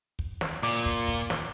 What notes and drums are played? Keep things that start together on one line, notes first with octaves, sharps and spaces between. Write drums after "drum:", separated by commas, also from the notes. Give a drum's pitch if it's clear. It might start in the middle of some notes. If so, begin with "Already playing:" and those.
drum: kick
drum: snare
A#2 D6
drum: kick
drum: kick
drum: snare